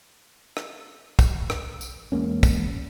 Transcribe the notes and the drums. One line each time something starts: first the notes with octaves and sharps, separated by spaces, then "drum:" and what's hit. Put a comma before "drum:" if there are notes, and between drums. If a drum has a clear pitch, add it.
drum: rim click
drum: kick, tambourine
drum: rim click
drum: tambourine
E2 G#3 A#3 C#4
drum: kick, tambourine